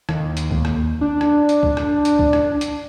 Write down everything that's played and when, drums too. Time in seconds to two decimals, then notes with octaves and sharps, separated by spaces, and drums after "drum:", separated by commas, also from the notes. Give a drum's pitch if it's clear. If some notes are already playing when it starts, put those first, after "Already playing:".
0.09 D#2, drum: rim click
0.37 drum: hi-hat
0.51 drum: kick C2
0.65 drum: rim click
1.01 D4
1.21 drum: rim click
1.49 drum: hi-hat
1.63 drum: kick C2
1.77 drum: rim click
2.05 drum: hi-hat
2.19 drum: kick C2
2.33 drum: rim click
2.61 drum: hi-hat